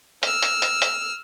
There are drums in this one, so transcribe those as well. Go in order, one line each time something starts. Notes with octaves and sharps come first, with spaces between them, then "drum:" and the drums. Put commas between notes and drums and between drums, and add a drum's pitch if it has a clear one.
E6 F6, drum: hi-hat
drum: hi-hat
drum: hi-hat
drum: hi-hat